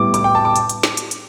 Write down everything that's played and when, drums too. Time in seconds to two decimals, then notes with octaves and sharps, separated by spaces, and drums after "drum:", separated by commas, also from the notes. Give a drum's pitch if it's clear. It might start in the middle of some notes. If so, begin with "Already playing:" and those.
Already playing: A2 G3 B3 D6
0.14 D6, drum: hi-hat
0.24 G5
0.35 A5
0.45 D6
0.56 drum: hi-hat
0.69 drum: hi-hat
0.83 drum: snare
0.97 drum: hi-hat
1.11 drum: hi-hat